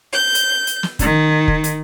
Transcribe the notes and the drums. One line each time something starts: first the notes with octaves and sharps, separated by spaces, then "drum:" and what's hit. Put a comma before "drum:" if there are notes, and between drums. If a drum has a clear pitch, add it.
G6
drum: hi-hat
drum: hi-hat
drum: snare
D#3, drum: kick F1, hi-hat
drum: kick F1
drum: hi-hat